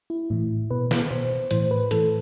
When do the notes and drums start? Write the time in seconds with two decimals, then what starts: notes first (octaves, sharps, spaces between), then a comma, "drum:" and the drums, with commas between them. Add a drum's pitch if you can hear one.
0.10 E4
0.30 A2 E3
0.71 B2 B4
0.91 B4, drum: snare
1.11 B2 C5
1.51 A2 E3 C5, drum: hi-hat
1.71 B4
1.91 A2 E3 A4, drum: hi-hat